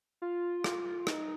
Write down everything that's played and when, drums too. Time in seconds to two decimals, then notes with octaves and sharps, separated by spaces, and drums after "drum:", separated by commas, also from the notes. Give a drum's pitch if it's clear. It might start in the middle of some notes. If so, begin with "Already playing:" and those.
0.22 F4
0.64 drum: rim click
1.07 D#4, drum: rim click